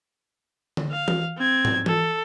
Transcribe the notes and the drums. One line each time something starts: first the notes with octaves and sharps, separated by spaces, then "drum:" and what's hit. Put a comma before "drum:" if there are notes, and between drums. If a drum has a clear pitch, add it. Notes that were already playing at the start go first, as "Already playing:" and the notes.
drum: tom D3
F5
drum: tom E3
C4 G#6
drum: tom
A4, drum: tom E3